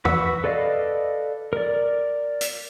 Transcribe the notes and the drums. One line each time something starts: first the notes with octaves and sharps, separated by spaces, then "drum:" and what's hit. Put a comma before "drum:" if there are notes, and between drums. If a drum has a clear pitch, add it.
F#4 B4 F#5 E6, drum: tom E2
A4 B4 D5 D#5 F5
A#4 D5
drum: hi-hat